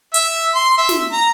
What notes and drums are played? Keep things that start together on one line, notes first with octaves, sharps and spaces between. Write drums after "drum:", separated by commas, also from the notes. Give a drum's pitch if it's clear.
E5, drum: hi-hat
C6
E5
drum: snare
A#5